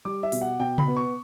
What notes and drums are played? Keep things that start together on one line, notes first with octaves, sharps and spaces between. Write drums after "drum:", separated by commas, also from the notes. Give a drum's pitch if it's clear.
G3 D6
E5
B2, drum: open hi-hat
F#5
B2 G5
B5, drum: tom C#3
B3
C#6